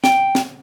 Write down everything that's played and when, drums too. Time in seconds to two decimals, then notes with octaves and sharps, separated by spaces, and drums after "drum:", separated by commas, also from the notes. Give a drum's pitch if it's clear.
0.04 G5, drum: snare
0.35 drum: snare